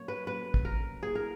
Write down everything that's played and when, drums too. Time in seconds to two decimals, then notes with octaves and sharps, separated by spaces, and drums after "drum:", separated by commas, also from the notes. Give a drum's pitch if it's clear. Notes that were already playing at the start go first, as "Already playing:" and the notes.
Already playing: A#2 F#3 A#3 C#4 C#5
0.08 B4
0.27 A#2 F#3 A#3 C#4 B4
0.54 drum: kick
0.65 A#4
1.02 A#2 A#3 E4 G#4
1.15 A#4